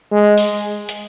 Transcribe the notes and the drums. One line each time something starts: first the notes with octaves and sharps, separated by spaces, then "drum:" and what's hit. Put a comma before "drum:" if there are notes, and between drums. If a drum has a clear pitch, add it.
G#3
drum: open hi-hat
drum: hi-hat